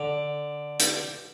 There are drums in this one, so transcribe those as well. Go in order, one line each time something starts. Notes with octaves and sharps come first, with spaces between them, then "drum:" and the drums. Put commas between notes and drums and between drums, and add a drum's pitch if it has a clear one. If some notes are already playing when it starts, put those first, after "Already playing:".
Already playing: D3
drum: hi-hat